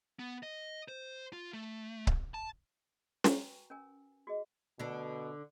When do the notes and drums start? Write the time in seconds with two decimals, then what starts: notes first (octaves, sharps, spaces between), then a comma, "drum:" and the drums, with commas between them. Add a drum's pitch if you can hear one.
0.19 B3
0.43 D#5
0.88 C5
1.33 F4
1.53 A3
2.07 drum: kick C#1
2.34 A5
3.24 F#4 B4 G5 G#5 A#5 C#6, drum: snare
3.70 C#4 A#4 G#5
4.27 F#4 G#4 D#5
4.79 B2 D3 D4